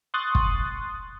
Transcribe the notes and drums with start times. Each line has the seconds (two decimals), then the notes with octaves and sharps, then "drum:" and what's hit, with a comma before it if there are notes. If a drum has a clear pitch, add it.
0.14 C6 C#6 D#6 F#6 A6
0.35 drum: kick